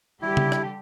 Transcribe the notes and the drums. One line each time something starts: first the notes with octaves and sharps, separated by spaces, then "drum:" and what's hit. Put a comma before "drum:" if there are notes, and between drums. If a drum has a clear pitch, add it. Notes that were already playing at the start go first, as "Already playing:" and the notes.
D3 G3 E4 G4
drum: tom C#3
drum: rim click